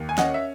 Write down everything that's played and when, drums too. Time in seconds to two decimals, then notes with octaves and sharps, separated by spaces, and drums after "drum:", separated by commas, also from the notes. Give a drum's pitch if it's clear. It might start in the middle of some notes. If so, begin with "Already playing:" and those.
Already playing: D#2
0.09 G#5
0.18 C#4 D#5 F#5, drum: snare
0.34 E5